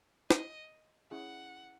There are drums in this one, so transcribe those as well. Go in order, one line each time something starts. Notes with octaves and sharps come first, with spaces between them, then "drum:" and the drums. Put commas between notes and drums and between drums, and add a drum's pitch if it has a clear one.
D#5, drum: snare
C#4 E4 G#4 F#5